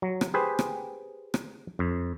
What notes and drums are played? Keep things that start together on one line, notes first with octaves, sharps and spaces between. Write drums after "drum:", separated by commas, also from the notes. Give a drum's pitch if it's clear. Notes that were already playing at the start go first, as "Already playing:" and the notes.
F#3
drum: rim click
G4 G#4 B4 C5
drum: rim click
drum: rim click
F2